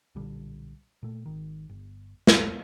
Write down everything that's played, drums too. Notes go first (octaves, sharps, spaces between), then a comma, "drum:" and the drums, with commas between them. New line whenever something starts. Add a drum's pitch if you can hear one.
B1 A#2 D3 G3
A#2 A3
G#1 D#3
G1
F1 B1 A2, drum: snare